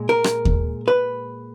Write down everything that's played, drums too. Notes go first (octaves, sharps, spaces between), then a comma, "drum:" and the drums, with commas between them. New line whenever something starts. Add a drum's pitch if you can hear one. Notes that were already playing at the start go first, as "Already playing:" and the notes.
Already playing: A#2 G#3
A#4
drum: rim click
drum: kick D#2
B4